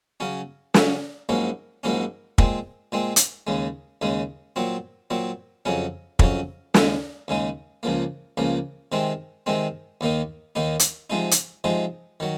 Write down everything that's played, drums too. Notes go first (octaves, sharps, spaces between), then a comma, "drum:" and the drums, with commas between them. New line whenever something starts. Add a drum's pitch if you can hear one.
C#3 F#3 C#4
C#3 F#3 C#4, drum: snare
A#1 G#2 F#3 A#3 C#4
A#1 G#2 F#3 A#3 C#4
A#2 G#3 C4, drum: kick
A#2 G#3 C4
drum: hi-hat
D#2 C#3 G#3
D#2 C#3 G#3
A#2 F#3 C4
A#2 F#3 C4
F2 C#3 F#3 C#4
F2 C#3 F#3 C#4, drum: kick
D#2 C#3 G#3 D#4, drum: snare
D#2 C#3 G#3 D#4
C#2 C#3 F3 A#3
C#2 C#3 F3 A#3
C3 D#3 G#3 C4
C3 D#3 G#3 C4
D#2 D#3 A#3 D#4
D#2 D#3 A#3 D#4
drum: hi-hat
C3 F3 G#3 D#4
drum: hi-hat
C3 F3 G#3 D#4
D#3 F#3